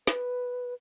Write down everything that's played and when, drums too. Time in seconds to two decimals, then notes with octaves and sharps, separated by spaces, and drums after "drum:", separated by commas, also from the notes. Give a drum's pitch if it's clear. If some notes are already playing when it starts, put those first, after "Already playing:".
0.07 B4, drum: snare